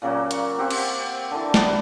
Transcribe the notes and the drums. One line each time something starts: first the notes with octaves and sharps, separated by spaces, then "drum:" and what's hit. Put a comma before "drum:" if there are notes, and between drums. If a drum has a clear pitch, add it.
A#2 C#3 F#3 A#3
C#6, drum: hi-hat
C4 F#4 G4
drum: cymbal
D3 E3
G3 B3, drum: snare